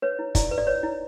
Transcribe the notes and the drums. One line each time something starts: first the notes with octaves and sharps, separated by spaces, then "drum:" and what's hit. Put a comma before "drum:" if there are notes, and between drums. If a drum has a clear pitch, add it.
B4 C#5
E4
E4 D5, drum: kick, hi-hat
B4
D5
B4 C#5
E4